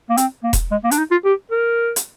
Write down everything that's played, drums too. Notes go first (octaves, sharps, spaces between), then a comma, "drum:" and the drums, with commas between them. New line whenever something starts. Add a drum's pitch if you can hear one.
A#3
C4, drum: hi-hat
A#3
drum: kick E1, hi-hat
G#3
A#3
D4, drum: hi-hat
D#4
F4
G4
A#4
drum: hi-hat